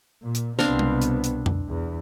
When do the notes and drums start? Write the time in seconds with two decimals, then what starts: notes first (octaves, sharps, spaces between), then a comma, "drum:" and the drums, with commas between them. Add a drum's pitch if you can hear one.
0.22 A#2
0.35 drum: hi-hat
0.59 C2 B2 B3 C4 D4 F5, drum: snare
0.79 drum: tom G#3
1.02 drum: hi-hat
1.24 drum: hi-hat
1.46 drum: tom F2
1.68 E2